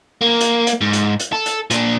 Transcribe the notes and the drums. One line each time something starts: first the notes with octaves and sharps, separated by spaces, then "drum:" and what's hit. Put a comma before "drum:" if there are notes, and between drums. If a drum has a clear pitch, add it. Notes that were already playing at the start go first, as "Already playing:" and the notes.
A#3
drum: hi-hat
drum: hi-hat
G#2
drum: hi-hat
drum: hi-hat
A4
drum: hi-hat
A#2 D4, drum: hi-hat